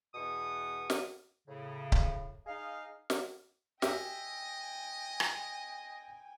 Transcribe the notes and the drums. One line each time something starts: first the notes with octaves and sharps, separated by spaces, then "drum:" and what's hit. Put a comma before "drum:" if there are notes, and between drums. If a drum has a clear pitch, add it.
E2 B2 B3 C#6 D#6
drum: snare
A2 C#3
drum: kick C#1
D#4 G#4 D#5 F5
drum: snare
G4 D#5 E5 G5 G#5, drum: snare
drum: rim click